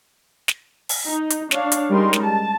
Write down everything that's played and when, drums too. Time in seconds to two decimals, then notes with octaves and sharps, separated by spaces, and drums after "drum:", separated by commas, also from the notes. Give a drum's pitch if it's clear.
0.48 drum: snare
0.89 drum: open hi-hat
1.06 D#4
1.30 drum: hi-hat
1.51 D4 C#5 F5, drum: snare
1.72 drum: hi-hat
1.91 G3 G#3 C#4 D#4 A#4 C6
2.13 drum: snare
2.23 A5